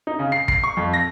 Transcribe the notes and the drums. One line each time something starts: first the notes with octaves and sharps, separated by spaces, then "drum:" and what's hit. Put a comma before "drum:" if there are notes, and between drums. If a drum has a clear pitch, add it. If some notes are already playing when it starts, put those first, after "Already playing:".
D#4
C#3
C7
C7, drum: kick
C#6
F2
A#6